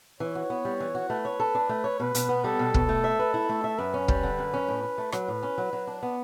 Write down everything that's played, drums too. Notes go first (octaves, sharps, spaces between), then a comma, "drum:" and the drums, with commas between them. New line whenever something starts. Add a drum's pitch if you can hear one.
E3 C#5
F#4
B3
G3
E3
F#4
A3 B4
C#5
A4
D4
A3
C#5
B2 B4
B2, drum: hi-hat
B3
G3 A4
B2
B2, drum: kick
A3
E5
B4
E4
A3
E5
F#2 B4
C#4
G3, drum: kick
D3
F#2
C#4
A2
C#4
A3
F#3 B4, drum: rim click
A2
C#4
F#3
F#3
D4
B3